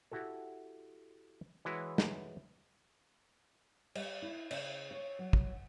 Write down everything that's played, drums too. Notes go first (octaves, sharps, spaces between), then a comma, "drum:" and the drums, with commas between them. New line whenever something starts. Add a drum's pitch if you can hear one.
E4 F#4 G4 A4
E3 G#3 E4 F#4 B4 C#5
drum: snare
G3, drum: cymbal
E4
C#3, drum: cymbal
C#5
F#3
drum: kick